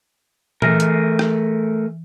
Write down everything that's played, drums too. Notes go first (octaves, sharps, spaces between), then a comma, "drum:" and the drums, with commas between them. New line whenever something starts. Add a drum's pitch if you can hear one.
E3 A3 G#4 A#4 A#6, drum: tom A#2
drum: hi-hat
drum: rim click